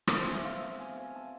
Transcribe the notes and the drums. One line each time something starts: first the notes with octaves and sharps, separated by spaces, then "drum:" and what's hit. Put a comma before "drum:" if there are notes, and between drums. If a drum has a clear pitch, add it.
B2 A3 C4, drum: rim click
G#5
F5
E5
F5
G#5
G#5
A5